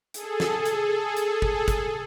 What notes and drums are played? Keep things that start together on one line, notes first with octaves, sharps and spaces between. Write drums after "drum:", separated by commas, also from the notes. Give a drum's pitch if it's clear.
G#4 A4, drum: hi-hat
drum: snare
drum: hi-hat
drum: hi-hat
drum: kick
drum: kick, hi-hat